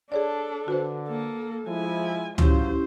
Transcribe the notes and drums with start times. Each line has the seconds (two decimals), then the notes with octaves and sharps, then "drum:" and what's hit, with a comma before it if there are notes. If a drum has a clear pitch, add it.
0.12 D4 G#4 A4 C#5 D5
0.68 D3 F#4 B4 C5
1.08 A#3 A4
1.67 F3 G#3 E4 G#5
2.38 F#3 C#4 E4 F4 G4 C5, drum: tom C#2